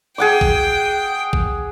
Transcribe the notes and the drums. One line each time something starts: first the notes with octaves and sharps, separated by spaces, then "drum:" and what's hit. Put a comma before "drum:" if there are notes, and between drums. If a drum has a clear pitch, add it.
G#4 F#5 G5 D6
drum: kick G#1
drum: kick G#1